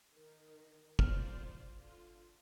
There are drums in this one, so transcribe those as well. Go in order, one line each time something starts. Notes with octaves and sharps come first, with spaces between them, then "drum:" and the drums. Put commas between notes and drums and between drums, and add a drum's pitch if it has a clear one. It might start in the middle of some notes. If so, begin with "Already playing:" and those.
D#3
F4 C5 D5 F6, drum: kick
D3 F4